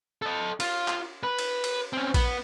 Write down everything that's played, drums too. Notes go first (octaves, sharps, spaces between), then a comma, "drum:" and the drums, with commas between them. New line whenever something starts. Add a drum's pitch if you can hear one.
A4 D#5
F4, drum: cymbal
drum: clap
B4
drum: cymbal
drum: cymbal
C4 C#4
B3, drum: kick, cymbal